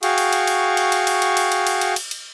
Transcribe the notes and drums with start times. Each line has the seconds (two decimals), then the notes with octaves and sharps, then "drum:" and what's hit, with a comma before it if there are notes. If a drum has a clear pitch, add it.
0.03 F#4 G#4 F5 G5 C#6, drum: cymbal
0.18 drum: cymbal
0.33 drum: cymbal
0.47 drum: cymbal
0.77 drum: cymbal
0.92 drum: cymbal
1.07 drum: cymbal
1.22 drum: cymbal
1.37 drum: cymbal
1.52 drum: cymbal
1.67 drum: cymbal
1.81 drum: cymbal
1.96 drum: cymbal
2.11 drum: cymbal